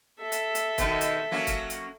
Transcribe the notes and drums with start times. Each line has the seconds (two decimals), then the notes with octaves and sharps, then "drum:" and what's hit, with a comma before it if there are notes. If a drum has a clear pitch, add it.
0.21 A4 E5
0.32 drum: hi-hat
0.55 drum: hi-hat
0.78 B2 D#3, drum: kick, hi-hat
1.01 drum: hi-hat
1.31 F#3 A#3 C#4
1.47 drum: kick, hi-hat
1.70 drum: hi-hat